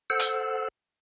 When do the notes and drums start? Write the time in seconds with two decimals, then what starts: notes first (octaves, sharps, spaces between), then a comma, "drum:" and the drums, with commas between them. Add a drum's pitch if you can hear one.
0.10 A4 C5 F#5 E6
0.19 drum: hi-hat